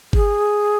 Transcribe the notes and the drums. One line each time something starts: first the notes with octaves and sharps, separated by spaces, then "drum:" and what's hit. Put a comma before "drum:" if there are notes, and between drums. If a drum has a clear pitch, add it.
G#4, drum: kick G1